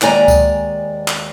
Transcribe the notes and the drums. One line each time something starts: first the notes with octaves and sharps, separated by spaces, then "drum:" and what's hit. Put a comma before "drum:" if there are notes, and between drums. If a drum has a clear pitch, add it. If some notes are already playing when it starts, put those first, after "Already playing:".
D#2 G#3 D5 G#5 A#5, drum: clap
drum: kick C#2, tambourine
drum: clap